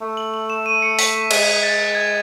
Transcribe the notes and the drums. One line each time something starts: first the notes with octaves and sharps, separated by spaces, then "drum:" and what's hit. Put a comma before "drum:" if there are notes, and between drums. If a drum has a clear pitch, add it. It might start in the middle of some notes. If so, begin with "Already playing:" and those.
A3
F#7
F#7
E7
D#7
C#7
B6, drum: open hi-hat
G#3 B6, drum: cymbal
B6
A6
G#6